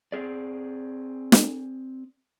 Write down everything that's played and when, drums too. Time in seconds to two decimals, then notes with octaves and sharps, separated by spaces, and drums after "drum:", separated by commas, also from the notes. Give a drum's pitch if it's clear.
0.12 C4 G#4 D5
1.32 drum: snare